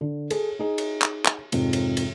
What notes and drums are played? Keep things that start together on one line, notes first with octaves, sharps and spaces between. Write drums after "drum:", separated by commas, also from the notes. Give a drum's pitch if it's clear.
D3
G#4 A4, drum: cymbal
D#4 G#4
drum: cymbal
drum: clap
drum: clap
F2 G#2 C3 F3, drum: cymbal
drum: cymbal
drum: cymbal